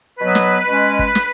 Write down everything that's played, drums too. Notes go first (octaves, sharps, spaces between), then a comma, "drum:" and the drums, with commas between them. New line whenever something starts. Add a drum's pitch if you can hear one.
B2 F#3 B3 B4
drum: snare
B2 G#3 C#4
drum: kick
drum: snare